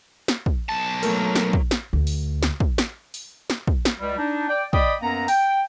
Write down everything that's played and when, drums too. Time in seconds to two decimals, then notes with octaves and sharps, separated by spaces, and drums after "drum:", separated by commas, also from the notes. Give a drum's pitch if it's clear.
0.28 drum: snare
0.46 drum: kick
0.69 B1 A5
1.03 F#3 A3 A#3 A#4, drum: open hi-hat
1.35 drum: snare
1.53 drum: kick
1.71 drum: snare
1.93 D2
2.07 drum: open hi-hat
2.43 drum: snare
2.60 drum: kick
2.78 drum: snare
3.14 drum: open hi-hat
3.50 drum: snare
3.67 drum: kick
3.85 drum: snare
3.99 C#2 G3
4.18 D4 D#4
4.48 D5 G5
4.73 D5 D#5 G5 B5 D6 D#6, drum: kick
5.01 F#2 A#3 B3 A#5
5.28 G5, drum: open hi-hat